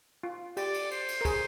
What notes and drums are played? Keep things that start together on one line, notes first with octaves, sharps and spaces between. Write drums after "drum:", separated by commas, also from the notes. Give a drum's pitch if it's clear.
F4
G4 D5, drum: cymbal
drum: cymbal
C5, drum: cymbal
drum: cymbal
A#4
G#4 C5, drum: kick, cymbal